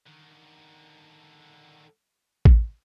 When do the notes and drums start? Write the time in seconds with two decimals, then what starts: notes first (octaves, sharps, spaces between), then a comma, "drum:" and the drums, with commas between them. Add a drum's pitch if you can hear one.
0.06 D3 D#3
2.45 drum: kick A1